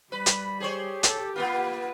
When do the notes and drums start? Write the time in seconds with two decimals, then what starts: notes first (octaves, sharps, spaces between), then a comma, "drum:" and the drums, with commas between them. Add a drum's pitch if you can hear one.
0.12 G3 B4 B5
0.26 drum: hi-hat
0.60 G4 G#4 C5 C#5
1.03 A4, drum: hi-hat
1.36 A#3 B3 F4 B4